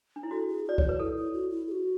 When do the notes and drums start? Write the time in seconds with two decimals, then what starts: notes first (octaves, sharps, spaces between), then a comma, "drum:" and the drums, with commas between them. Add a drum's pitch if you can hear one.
0.16 D4
0.23 E4
0.31 F#4 A4
0.48 G#4
0.65 F#4 D5
0.78 F#4 C#5, drum: kick C2
0.89 B4
0.99 E4 A4
1.17 E4
1.34 F#4
1.50 E4
1.68 G#4
1.72 F#4